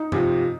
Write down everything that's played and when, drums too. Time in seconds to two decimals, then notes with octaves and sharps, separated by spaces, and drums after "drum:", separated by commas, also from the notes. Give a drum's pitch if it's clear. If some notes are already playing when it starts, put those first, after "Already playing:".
Already playing: D#4
0.12 C3 F3, drum: tom G2